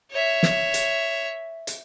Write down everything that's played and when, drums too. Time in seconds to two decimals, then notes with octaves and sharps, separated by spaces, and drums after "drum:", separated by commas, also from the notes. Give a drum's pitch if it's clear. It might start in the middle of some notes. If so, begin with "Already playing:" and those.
0.12 C#5 E5
0.43 drum: snare
0.74 drum: hi-hat
1.67 drum: hi-hat